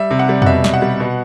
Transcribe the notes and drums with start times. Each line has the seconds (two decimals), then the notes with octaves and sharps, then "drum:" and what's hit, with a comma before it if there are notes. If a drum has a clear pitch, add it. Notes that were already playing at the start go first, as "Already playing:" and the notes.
Already playing: G3 E5
0.11 C3
0.19 F#5
0.29 G3
0.42 F#5, drum: tom
0.46 B2 E5
0.64 B2, drum: snare
0.73 F#5
0.82 G3
1.00 B2